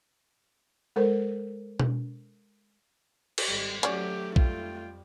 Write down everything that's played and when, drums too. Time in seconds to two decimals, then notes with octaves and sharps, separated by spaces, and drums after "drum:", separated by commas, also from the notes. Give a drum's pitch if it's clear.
0.96 G#3 A4 A#4 C5
1.80 drum: tom B2
3.38 drum: cymbal
3.49 G#1 G3
3.83 F#3 A3 C#4 F#4 G4 D5, drum: hi-hat
4.36 F2 G3 F4 G5, drum: kick A#1